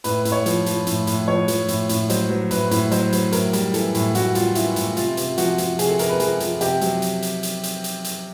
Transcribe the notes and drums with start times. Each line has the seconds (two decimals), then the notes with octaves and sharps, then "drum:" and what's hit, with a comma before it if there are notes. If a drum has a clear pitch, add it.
0.04 A2 B4, drum: hi-hat
0.25 A2, drum: hi-hat
0.32 C#5
0.46 F3, drum: hi-hat
0.66 F3, drum: hi-hat
0.87 A2, drum: hi-hat
1.07 A2, drum: hi-hat
1.28 F3 C#5
1.48 F3, drum: hi-hat
1.68 A2, drum: hi-hat
1.89 A2, drum: hi-hat
2.10 F#3 C5, drum: hi-hat
2.30 F#3
2.51 A2 B4, drum: hi-hat
2.71 A2, drum: hi-hat
2.91 F#3 C5, drum: hi-hat
3.12 F#3, drum: hi-hat
3.32 A2 A#4, drum: hi-hat
3.53 G3, drum: hi-hat
3.74 E3 A4, drum: hi-hat
3.95 A2, drum: hi-hat
4.15 A2 F#4, drum: hi-hat
4.35 G3 F4, drum: hi-hat
4.55 E3 E4, drum: hi-hat
4.76 A2, drum: hi-hat
4.97 C3 F4, drum: hi-hat
5.17 C3, drum: hi-hat
5.38 F3 F#4, drum: hi-hat
5.58 F3, drum: hi-hat
5.79 C3 G#4, drum: hi-hat
5.89 A4
5.99 C3 A#4, drum: hi-hat
6.09 B4
6.20 F3 G#4, drum: hi-hat
6.40 F3, drum: hi-hat
6.61 C3 G4, drum: hi-hat
6.81 F#3, drum: hi-hat
7.02 drum: hi-hat
7.22 drum: hi-hat
7.43 drum: hi-hat
7.63 drum: hi-hat
7.84 drum: hi-hat
8.04 drum: hi-hat